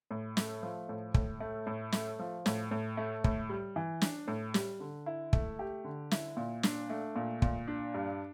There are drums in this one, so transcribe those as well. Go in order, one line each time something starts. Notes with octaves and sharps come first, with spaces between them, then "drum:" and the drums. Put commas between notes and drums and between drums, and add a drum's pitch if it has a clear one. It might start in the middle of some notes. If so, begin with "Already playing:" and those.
A2
A3, drum: snare
F3
A2
A2, drum: kick
A3
A2
A3, drum: snare
F3
A2, drum: snare
A2
A3
A2, drum: kick
G3
E3
D4, drum: snare
A2
G3, drum: snare
D3
E4
A3, drum: kick
G4
D3
E4, drum: snare
A#2
D4, drum: snare
A3
A#2
A#2, drum: kick
D4
G2